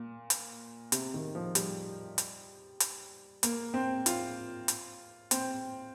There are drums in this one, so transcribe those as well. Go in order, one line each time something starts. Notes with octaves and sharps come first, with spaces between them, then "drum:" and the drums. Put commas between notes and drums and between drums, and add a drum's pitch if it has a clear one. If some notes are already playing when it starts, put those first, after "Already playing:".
Already playing: A#2
drum: hi-hat
C3, drum: hi-hat
D#3
F3
G3, drum: hi-hat
drum: hi-hat
drum: hi-hat
A#3, drum: hi-hat
C4
F4, drum: hi-hat
drum: hi-hat
C4, drum: hi-hat